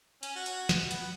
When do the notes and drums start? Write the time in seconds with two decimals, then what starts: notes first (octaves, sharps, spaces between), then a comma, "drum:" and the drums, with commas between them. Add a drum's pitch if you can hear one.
0.23 C#4, drum: hi-hat
0.36 F#4
0.46 drum: hi-hat
0.69 drum: snare
0.91 B3, drum: hi-hat